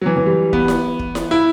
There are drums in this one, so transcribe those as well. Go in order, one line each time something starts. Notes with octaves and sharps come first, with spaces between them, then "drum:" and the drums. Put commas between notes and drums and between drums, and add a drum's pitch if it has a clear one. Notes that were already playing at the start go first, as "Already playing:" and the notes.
F#3
E3
E3
G3
B3, drum: kick
drum: snare E4
drum: kick
drum: snare E4
E4